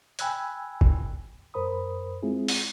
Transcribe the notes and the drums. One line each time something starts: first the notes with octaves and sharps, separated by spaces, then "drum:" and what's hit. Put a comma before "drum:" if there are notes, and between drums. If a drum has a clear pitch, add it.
G5 G#5 B5 E6 F#6 G#6, drum: hi-hat
drum: kick
F#2 A#4 C5 B5 D#6
G#3 C4 E4 F4 G#4
drum: open hi-hat